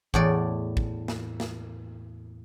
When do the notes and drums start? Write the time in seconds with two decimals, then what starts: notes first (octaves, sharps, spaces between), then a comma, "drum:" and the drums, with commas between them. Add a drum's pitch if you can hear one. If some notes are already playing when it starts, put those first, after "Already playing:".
0.14 E2 A2 D5, drum: kick
0.77 drum: kick
1.08 drum: snare
1.40 drum: snare